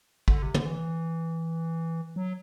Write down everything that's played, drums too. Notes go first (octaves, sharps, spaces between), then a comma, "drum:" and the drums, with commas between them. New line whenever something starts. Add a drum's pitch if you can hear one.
D3, drum: kick
C3
D3, drum: tom
E3
F#3